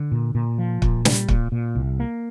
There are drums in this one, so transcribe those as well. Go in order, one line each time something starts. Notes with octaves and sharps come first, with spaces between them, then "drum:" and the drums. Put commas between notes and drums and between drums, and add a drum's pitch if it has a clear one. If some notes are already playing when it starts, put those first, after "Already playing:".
Already playing: D3
A#2
A#2
F3
A#2, drum: kick
G3, drum: snare
A#2, drum: kick
A#2
C2
A#3